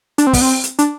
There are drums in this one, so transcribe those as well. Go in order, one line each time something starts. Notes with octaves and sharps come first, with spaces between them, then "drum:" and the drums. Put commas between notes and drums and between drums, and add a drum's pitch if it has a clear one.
D4, drum: hi-hat
C4
B3, drum: kick, open hi-hat
C4
drum: hi-hat
D4, drum: hi-hat